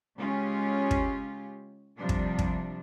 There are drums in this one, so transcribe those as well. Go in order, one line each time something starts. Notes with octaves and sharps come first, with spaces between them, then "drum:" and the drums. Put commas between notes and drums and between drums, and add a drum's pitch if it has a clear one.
C#3 G#3 C#4 F4 G4
drum: kick
C3 F3 G3 D4
drum: kick
drum: kick